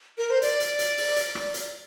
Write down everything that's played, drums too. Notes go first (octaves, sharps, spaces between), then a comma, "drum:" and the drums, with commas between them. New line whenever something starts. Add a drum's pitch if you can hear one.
A#4
C5
D5, drum: hi-hat
drum: hi-hat
drum: hi-hat
drum: open hi-hat
drum: hi-hat
drum: rim click
drum: hi-hat